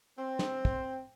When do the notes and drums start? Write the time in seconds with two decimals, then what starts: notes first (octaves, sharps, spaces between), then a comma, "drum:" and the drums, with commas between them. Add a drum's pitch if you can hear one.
0.18 C4
0.39 drum: snare
0.65 drum: kick